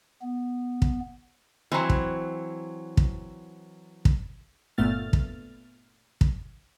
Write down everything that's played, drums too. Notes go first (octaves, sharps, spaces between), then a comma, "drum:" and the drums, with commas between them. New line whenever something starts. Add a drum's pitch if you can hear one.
B3
drum: kick
E3 F#3 C4
drum: kick
drum: kick
drum: kick
G1 A#2 A3 B3 F6 A6
drum: kick
drum: kick